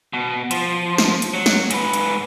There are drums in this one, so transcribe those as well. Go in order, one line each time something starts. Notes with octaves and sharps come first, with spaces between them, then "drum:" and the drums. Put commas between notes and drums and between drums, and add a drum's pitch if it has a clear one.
B2
F3, drum: hi-hat
drum: snare
drum: hi-hat
F#3
drum: snare
G#2 B4, drum: hi-hat
drum: hi-hat